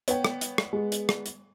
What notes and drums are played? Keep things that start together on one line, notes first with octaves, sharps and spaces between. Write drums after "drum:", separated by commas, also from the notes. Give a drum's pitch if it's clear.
B3 C#5 G5, drum: hi-hat
drum: rim click
drum: hi-hat
drum: rim click
G#3
drum: hi-hat
drum: rim click
drum: hi-hat